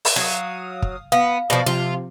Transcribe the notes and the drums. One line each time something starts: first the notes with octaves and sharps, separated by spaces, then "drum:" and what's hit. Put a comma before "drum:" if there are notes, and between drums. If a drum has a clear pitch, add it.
drum: open hi-hat
F#3 F5 D#6
drum: kick
B3 F5
B2 F3 D5
C3 F3 F4